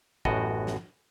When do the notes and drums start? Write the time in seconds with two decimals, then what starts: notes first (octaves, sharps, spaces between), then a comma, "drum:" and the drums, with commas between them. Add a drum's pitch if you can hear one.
0.25 A1 F#2 A2 B3 F#4 D#5, drum: kick
0.67 drum: snare